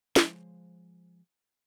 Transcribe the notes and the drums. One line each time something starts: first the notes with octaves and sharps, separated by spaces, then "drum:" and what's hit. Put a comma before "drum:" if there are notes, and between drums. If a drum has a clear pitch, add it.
F3 G#3 C5 C#5, drum: snare